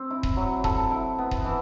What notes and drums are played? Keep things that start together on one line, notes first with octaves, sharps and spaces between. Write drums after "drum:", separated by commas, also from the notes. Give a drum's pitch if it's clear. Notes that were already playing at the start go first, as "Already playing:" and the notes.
Already playing: C4
E4
drum: kick D#1
F#3
A4, drum: kick D#1
E4
B3
drum: kick D#1
E3